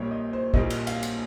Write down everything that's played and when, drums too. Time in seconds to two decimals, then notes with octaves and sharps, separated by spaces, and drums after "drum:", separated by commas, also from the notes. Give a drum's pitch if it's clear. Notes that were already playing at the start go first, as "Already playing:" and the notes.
Already playing: A#1 A#2 G3 A#3 C#5
0.11 D#5
0.33 C5
0.54 A#1 A#2 G3 A#3 D#5, drum: kick
0.70 drum: cymbal
0.87 F5, drum: cymbal
1.03 drum: cymbal